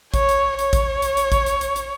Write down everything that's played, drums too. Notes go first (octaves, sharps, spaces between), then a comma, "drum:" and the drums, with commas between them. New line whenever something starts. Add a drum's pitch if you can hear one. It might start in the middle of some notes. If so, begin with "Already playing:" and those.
C#5, drum: kick A1, hi-hat
drum: hi-hat
C#5, drum: hi-hat
drum: kick A1, hi-hat
drum: hi-hat
drum: hi-hat
drum: kick A1, hi-hat
drum: hi-hat
drum: hi-hat
drum: hi-hat